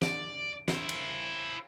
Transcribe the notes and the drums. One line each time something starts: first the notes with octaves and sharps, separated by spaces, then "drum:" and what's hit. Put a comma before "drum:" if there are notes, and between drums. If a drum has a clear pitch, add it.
D5, drum: snare
E4 C5, drum: snare
drum: cymbal